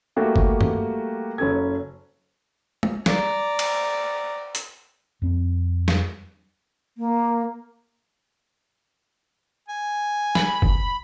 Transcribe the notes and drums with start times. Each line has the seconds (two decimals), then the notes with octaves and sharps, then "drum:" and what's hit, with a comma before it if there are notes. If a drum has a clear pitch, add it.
0.16 G3 A3 A#3 F#4 G4
0.36 drum: kick
0.61 drum: tom G2
1.38 F#1 C#4 A4 G#6
2.83 drum: tom
3.06 D5 A#5, drum: snare
3.59 drum: cymbal
4.55 drum: hi-hat
5.22 F2 C4
5.88 drum: snare
6.98 A#3
9.69 G#5
10.35 B5, drum: snare
10.62 drum: kick